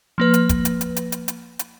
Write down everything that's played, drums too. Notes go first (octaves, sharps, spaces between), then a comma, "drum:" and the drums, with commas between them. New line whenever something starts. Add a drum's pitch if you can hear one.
F3 A#3 B4
drum: hi-hat
drum: kick, hi-hat
drum: hi-hat
drum: hi-hat
drum: hi-hat
drum: hi-hat
drum: hi-hat
drum: hi-hat